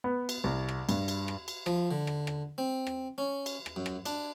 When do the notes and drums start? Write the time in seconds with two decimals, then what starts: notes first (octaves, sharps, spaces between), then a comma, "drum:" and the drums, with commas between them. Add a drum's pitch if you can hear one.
0.04 B3
0.29 drum: cymbal
0.44 C2
0.69 drum: rim click
0.89 G2, drum: cymbal
1.08 drum: cymbal
1.28 drum: rim click
1.48 drum: cymbal
1.66 F3, drum: rim click
1.91 D3
2.07 drum: rim click
2.27 drum: rim click
2.58 C4
2.87 drum: rim click
3.18 C#4
3.46 drum: cymbal
3.66 drum: rim click
3.76 F#2
3.86 drum: rim click
4.06 D4, drum: cymbal